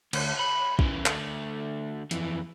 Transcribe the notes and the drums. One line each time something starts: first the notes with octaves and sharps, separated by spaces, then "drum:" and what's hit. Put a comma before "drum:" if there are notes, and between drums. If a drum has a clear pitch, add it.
D2, drum: cymbal
B5
C#3 E3, drum: kick
D3 A3, drum: clap
F2 E3, drum: hi-hat